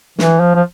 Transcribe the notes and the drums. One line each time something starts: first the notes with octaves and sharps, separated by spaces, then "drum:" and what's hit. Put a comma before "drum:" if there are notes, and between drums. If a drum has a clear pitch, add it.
E3, drum: snare
F3
F3